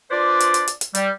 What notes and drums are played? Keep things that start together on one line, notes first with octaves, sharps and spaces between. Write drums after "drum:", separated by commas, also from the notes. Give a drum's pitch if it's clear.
D4 F4 B4 C5 D5
drum: hi-hat
drum: hi-hat
drum: hi-hat
drum: hi-hat
G3, drum: hi-hat